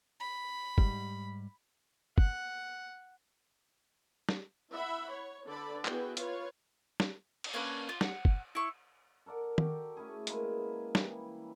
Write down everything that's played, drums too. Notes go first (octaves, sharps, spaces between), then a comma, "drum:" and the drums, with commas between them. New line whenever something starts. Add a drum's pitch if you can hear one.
B5
G#2 G3, drum: kick F#1
F#5, drum: kick F#1
drum: snare
E4 E5 F#5 B5
C#5
D3 A4 B4 D5 B5
B3 E4 F#4 G#4 B4 G5, drum: clap
F4 B4 C#5 F5, drum: hi-hat
drum: snare
drum: cymbal
A#3 C#4 D4 B4
F4
F#5, drum: snare
drum: kick F#1
E4 C#6
A4 A#4 D5 F#5
F#4 G4, drum: tom D#3
A3 C#4 E4 G#4
G#3 A#3 B4, drum: hi-hat
E3 G3, drum: snare